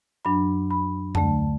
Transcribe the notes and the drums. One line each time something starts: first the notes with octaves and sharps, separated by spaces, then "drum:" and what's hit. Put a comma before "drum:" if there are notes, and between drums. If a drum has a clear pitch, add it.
F#2 F#3 D4 B5
B5
D2 D3 A3 A5, drum: tom F2